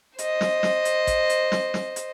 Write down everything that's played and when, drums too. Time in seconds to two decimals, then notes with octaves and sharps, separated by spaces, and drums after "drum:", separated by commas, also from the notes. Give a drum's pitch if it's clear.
0.19 C5 D#5, drum: hi-hat
0.41 drum: snare
0.63 drum: snare
0.85 drum: hi-hat
1.07 drum: kick A1, hi-hat
1.29 drum: hi-hat
1.52 drum: snare
1.74 drum: snare
1.96 drum: hi-hat